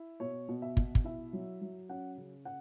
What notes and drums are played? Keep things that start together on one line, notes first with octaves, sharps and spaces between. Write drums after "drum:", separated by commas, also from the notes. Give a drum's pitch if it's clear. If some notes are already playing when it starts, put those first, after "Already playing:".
Already playing: E4
B2 C#5
B2
E5
B2, drum: kick
drum: kick
E4 E5
F#3
F#3
C#4 F#5
C#3
F#5